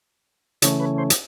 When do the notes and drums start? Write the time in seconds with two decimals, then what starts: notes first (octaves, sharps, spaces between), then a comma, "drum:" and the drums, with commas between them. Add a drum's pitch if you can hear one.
0.62 C#3 E3 A3 C#4 C#5, drum: hi-hat
0.80 B4
0.98 C5
1.10 drum: hi-hat